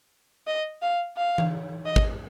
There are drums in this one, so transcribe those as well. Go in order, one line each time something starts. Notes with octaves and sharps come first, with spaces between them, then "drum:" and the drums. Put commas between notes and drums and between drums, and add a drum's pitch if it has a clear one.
D#5
F5
F5
drum: tom E3
D#5
drum: kick